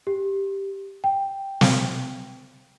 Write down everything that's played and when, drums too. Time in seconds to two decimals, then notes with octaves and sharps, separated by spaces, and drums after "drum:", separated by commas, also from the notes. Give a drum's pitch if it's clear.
0.07 G4
1.04 G5
1.61 drum: snare